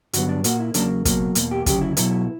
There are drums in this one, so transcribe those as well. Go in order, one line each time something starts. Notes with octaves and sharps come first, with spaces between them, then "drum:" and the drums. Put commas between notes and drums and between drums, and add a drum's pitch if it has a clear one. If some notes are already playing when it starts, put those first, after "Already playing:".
G2 D3 F#3 B3 F#4, drum: hi-hat
D4
A#2 A#3 F#4, drum: hi-hat
E4
E2 C#3 F#3 A#3 D4, drum: hi-hat
C#2 B2 F#3 A#3, drum: kick, hi-hat
E2 B2 A#3, drum: hi-hat
G4
D2 C#3 F#3 G4, drum: kick, hi-hat
E4
B1 B2 F#3 B3 E4, drum: hi-hat